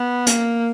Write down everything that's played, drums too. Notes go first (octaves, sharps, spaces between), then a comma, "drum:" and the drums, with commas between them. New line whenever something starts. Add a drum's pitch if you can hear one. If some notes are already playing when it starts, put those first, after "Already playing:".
Already playing: B3
A#3, drum: hi-hat